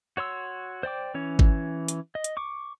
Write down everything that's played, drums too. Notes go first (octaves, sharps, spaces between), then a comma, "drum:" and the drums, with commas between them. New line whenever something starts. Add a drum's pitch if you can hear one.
F#4 C#5 C6 E6
C5 D5 G5 D6
E3 C#4 C#5
drum: kick G1
drum: hi-hat
D#5
drum: hi-hat
C#6 D6